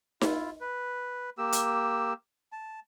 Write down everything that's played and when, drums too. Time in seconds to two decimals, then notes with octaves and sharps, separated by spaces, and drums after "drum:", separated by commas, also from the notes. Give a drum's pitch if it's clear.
0.21 E4 F4, drum: snare D#4
0.61 B4
1.38 A#3 G4 E6
1.52 drum: hi-hat
2.52 A5